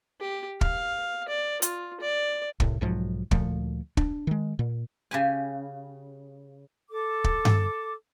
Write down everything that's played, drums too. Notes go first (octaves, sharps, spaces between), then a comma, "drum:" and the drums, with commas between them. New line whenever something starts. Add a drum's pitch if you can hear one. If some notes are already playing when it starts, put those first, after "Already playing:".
G4
F5, drum: kick
D5
F4, drum: hi-hat
D5
C2 A2, drum: kick
B1 G#2 F3 F#3
D2 A#2 F3 A3, drum: kick
D4, drum: kick
D#3 G#3
A#2
C#3 G4 G#5
A4 D6
drum: kick
drum: tom G2